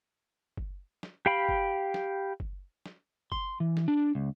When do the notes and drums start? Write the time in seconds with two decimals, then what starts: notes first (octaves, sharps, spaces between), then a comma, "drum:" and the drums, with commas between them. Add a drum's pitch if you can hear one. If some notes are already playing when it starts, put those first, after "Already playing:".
0.57 drum: kick F#1
1.03 drum: snare
1.26 G4 F5 G5 B5
1.49 drum: kick F#1
1.94 drum: snare
2.40 drum: kick F#1
2.86 drum: snare
3.32 C6, drum: kick F#1
3.60 E3
3.77 drum: snare
3.88 D4
4.15 C#2